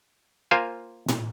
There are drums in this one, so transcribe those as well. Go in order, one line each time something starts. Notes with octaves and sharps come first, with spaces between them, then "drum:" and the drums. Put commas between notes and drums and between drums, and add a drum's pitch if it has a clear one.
A#3 F4 A#4 C5 F5 G#5
drum: tom A2